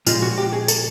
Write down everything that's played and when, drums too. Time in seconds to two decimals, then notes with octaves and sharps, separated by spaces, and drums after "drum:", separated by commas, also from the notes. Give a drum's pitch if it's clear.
0.06 A#2 F3 G#3 F4, drum: tambourine
0.22 F#4
0.38 G4
0.53 G#4
0.68 A4, drum: tambourine